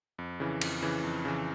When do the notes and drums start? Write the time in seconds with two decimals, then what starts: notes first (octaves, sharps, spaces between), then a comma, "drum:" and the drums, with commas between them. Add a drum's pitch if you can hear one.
0.18 F2
0.40 C#3 E3
0.61 F2, drum: cymbal
0.82 C#3 E3
1.03 F2
1.25 C#3 E3